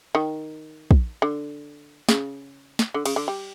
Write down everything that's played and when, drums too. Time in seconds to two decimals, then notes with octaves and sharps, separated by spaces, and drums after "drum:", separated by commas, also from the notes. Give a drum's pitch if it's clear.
0.15 D#3
0.91 drum: kick
1.22 D3
2.09 C#3, drum: snare
2.79 drum: snare
2.94 D3
3.06 C#3, drum: cymbal
3.16 D3
3.28 G3